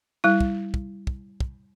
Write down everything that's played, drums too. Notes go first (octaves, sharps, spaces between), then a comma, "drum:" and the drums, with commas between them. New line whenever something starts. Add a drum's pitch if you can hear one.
G3 E4
drum: kick
drum: kick
drum: kick
drum: kick